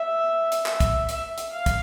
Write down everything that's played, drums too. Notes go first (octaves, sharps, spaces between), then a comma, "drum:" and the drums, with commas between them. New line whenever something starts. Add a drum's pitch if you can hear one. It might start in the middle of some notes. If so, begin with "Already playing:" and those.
Already playing: E5
drum: hi-hat
E5, drum: clap
drum: kick, hi-hat
E5, drum: hi-hat
drum: hi-hat
F5
drum: kick, hi-hat